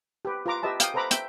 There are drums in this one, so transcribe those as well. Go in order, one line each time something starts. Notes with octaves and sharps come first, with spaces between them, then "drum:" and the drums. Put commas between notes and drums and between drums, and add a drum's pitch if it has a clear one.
G4 B4
F4 B4 A#5 D6
G4 B4 D#5 E5 A5
F5 G5 D#6, drum: hi-hat
A4 B4 C5 A#5 B5 D6
E5 G5, drum: hi-hat